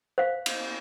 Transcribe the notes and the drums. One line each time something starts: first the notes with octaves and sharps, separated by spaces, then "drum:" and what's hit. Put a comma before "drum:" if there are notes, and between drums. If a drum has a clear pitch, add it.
C5 F5
drum: cymbal